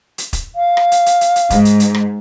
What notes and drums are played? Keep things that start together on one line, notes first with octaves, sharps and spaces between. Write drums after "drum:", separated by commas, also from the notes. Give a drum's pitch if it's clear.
drum: hi-hat
drum: kick, hi-hat
F5
drum: rim click
drum: hi-hat
drum: hi-hat
drum: hi-hat
drum: hi-hat
G#2, drum: kick, hi-hat
drum: hi-hat
drum: hi-hat
drum: rim click